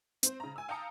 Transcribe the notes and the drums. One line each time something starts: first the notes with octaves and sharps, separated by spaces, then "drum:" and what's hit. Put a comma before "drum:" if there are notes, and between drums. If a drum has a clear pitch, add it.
C4 C5, drum: hi-hat
C#3 A#5
G#5 E6
F5 G5 A5 A#5 D#6 C#7